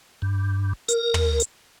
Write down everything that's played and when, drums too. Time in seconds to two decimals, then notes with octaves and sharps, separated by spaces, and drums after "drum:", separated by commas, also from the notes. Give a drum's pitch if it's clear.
0.22 G2
0.88 A#4, drum: hi-hat
1.14 drum: tom
1.40 drum: hi-hat